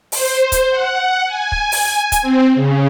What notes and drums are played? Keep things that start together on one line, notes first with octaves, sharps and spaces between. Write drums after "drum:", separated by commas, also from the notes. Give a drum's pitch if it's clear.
C5, drum: open hi-hat
drum: kick, hi-hat
F#5
G#5
drum: kick
drum: open hi-hat
drum: kick, hi-hat
C4
C#3